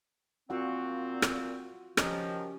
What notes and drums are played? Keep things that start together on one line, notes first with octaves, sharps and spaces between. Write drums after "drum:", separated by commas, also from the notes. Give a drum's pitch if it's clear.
A#2 C4 F4 F#4 F#5
drum: rim click
D#3 F3 C#4 G4, drum: rim click